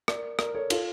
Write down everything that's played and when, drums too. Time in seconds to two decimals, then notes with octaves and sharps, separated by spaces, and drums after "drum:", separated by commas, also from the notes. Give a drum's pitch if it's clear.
0.08 A#4 D5, drum: rim click
0.39 A#4 D5, drum: rim click
0.55 A4 C#5
0.70 F4 A4, drum: cymbal